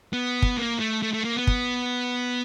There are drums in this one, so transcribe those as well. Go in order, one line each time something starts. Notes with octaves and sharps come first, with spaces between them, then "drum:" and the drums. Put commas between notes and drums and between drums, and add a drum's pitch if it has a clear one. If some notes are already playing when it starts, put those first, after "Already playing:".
B3
drum: kick
A#3
A3
A3
A3
A#3
B3
drum: kick